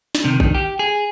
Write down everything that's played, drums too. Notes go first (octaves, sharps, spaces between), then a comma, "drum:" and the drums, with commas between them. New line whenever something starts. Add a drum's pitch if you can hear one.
drum: snare
C3 D#3
D#3, drum: kick A1
G4
G#4